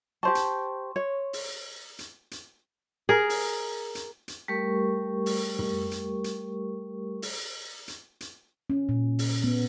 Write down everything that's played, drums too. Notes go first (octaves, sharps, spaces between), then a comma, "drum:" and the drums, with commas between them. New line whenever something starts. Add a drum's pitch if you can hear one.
G4 C5 A5 C6 C#6
drum: hi-hat
C#5
drum: open hi-hat
drum: hi-hat
drum: hi-hat
G#4 A#4
drum: open hi-hat
drum: hi-hat
drum: hi-hat
G3 A3 G4 A#4 C#6
drum: open hi-hat
drum: tom
drum: hi-hat
drum: hi-hat
drum: open hi-hat
drum: hi-hat
drum: hi-hat
C#4
A#2
drum: open hi-hat
B3